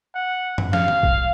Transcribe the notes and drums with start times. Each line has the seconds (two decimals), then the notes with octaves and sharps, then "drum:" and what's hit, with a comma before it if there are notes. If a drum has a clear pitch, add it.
0.15 F#5
0.58 drum: tom F#2
0.73 F5, drum: snare
0.88 drum: tom
1.03 drum: kick